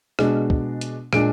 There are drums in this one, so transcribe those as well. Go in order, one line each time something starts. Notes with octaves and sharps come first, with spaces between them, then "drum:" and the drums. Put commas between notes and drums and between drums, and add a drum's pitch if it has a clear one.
B2 G#3 D4, drum: rim click
drum: kick
drum: hi-hat
A#2 G#3 D4 D7, drum: rim click